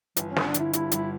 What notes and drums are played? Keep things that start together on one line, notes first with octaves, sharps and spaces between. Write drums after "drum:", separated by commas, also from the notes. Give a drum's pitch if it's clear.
G1 E3, drum: hi-hat
C#4
D3, drum: snare
D4
G1, drum: hi-hat
E4
G2 E4, drum: hi-hat
G1 E4, drum: hi-hat